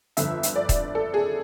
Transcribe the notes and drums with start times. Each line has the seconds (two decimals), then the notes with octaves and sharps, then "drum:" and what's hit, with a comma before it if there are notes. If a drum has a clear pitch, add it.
0.17 G1 F2 D3 E5, drum: hi-hat
0.43 drum: hi-hat
0.56 D5
0.69 drum: kick D#1, hi-hat
0.95 A4
1.14 G#4